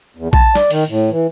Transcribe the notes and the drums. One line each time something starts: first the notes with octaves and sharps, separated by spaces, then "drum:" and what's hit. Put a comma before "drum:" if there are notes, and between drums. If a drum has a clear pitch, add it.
E2
A5, drum: kick A#1
D5, drum: snare
D#3, drum: open hi-hat
A2
E3